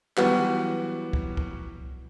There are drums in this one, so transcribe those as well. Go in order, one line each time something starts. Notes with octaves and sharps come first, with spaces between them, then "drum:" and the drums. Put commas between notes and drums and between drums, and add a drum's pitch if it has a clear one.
E3 F#3 G3 B3 F#4, drum: clap
drum: kick C2
drum: kick C2